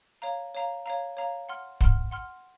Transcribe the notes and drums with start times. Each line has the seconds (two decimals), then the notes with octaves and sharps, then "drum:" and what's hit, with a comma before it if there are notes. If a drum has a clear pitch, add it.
0.22 C#5 F5 A#5
0.55 C#5 F5 A#5
0.86 C#5 F5 A#5
1.17 C#5 F5 A#5
1.49 F#5 C6 F6
1.81 F#5 C6 F6, drum: kick
2.11 F#5 C6 F6